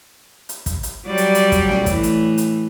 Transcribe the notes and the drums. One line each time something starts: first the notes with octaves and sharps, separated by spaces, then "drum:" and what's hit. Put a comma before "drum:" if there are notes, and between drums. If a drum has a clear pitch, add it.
drum: hi-hat
drum: kick, hi-hat
drum: hi-hat
F#3 G3 D5
drum: hi-hat
drum: hi-hat
drum: kick, hi-hat
drum: snare
A2 E3, drum: kick, hi-hat
drum: hi-hat
drum: hi-hat